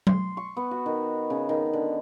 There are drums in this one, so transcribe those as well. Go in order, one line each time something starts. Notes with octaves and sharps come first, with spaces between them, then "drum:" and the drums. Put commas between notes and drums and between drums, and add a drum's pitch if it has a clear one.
C6, drum: tom F#3
C#6
B3
F#4
D#3
C#3
D#3
D3